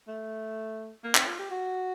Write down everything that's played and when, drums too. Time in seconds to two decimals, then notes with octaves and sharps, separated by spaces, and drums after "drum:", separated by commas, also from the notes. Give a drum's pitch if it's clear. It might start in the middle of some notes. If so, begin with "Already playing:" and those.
0.08 A3
1.04 A#3
1.15 C4, drum: clap
1.27 F4
1.39 G4
1.51 F#4